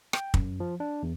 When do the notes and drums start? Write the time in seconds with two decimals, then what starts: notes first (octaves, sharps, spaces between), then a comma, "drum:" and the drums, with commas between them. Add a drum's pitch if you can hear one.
0.13 G5, drum: rim click
0.34 F#2, drum: kick
0.60 F3
0.80 D4
1.03 E2